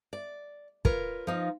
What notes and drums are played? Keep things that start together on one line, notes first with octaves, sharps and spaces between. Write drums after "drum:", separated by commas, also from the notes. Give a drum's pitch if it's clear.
D5
F4 A#4 B4 C#5, drum: kick
F3 D#4 F4